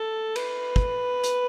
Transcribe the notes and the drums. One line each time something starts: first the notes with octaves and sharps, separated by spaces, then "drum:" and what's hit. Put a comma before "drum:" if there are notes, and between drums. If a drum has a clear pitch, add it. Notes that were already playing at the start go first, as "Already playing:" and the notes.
Already playing: A4
B4, drum: cymbal
drum: kick
drum: hi-hat